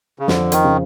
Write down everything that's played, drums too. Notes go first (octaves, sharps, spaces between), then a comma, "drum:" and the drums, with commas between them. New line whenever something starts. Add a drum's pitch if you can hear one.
C#3
F2 D3, drum: snare
D#3, drum: hi-hat
C#3